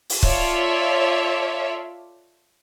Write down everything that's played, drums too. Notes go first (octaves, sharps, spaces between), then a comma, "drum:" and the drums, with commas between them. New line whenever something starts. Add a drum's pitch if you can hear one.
drum: open hi-hat
F4 A4 C#5 D5 E5, drum: kick